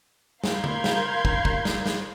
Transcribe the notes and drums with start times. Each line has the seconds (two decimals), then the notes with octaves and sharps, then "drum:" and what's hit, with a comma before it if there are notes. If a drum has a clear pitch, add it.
0.44 A#4 F5 B5 C6 G6 G#6, drum: snare
0.64 drum: tom C#3
0.84 drum: snare
1.25 drum: kick
1.45 drum: kick
1.65 drum: snare
1.86 drum: snare